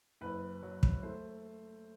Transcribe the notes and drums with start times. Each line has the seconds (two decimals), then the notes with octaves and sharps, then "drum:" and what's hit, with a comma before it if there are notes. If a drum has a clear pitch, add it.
0.21 F#1 B4
0.63 F#3
0.83 drum: kick
1.03 A3 C5